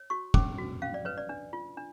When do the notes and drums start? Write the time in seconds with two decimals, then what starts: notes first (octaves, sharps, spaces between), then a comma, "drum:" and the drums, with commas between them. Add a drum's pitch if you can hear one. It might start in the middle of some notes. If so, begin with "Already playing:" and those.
Already playing: C#5
0.10 F#4 C#6
0.34 C#4 D6, drum: kick
0.58 F#4
0.82 C#4 F5
0.94 D5
1.05 B4 C#5
1.18 D5
1.29 D4
1.53 F4
1.77 D4